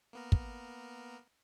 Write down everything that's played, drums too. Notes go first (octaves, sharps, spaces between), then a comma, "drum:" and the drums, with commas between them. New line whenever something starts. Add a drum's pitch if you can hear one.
A#3 B3 A#4
drum: kick